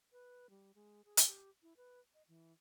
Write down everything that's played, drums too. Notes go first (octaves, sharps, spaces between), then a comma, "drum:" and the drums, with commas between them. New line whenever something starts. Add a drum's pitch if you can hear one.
B4
G3
G#3
G#4
drum: hi-hat
G4
E4
B4
D#5
E3